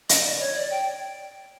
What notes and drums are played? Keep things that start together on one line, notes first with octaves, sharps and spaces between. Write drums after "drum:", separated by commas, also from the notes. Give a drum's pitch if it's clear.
D#5, drum: hi-hat
D5
C#5
D5
G5